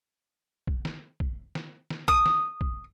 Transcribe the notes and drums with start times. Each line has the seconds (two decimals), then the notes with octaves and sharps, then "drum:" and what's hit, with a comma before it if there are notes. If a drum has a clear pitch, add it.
0.67 drum: kick
0.85 drum: snare
1.20 drum: kick
1.55 drum: snare
1.90 drum: snare
2.08 D#6, drum: kick
2.26 drum: snare
2.61 drum: kick